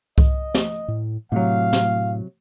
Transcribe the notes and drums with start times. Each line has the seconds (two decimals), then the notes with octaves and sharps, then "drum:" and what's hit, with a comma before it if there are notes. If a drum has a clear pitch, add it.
0.18 D#5, drum: kick C2
0.54 drum: snare
0.88 A2
1.32 A2 C3 F#3 A3 F5
1.73 drum: snare